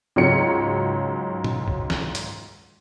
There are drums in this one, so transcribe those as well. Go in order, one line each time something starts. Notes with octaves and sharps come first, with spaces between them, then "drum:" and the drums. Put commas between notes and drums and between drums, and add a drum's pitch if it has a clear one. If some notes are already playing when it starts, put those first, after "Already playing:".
C#2 G#2 F#3 C#5 C#7
drum: tom A#2
drum: kick
drum: snare
drum: hi-hat